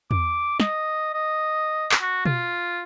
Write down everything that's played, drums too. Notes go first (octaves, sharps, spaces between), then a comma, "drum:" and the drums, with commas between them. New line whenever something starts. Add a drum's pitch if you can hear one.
D6, drum: tom E2
D#5, drum: snare
D#5
drum: clap
F#4
F4, drum: tom B2